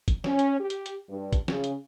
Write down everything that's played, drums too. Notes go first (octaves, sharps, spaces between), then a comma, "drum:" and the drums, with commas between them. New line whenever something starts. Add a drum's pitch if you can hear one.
drum: kick, hi-hat
C#4, drum: snare
drum: hi-hat
G4
drum: hi-hat
drum: hi-hat
G2
drum: kick, hi-hat
C#3, drum: snare
drum: hi-hat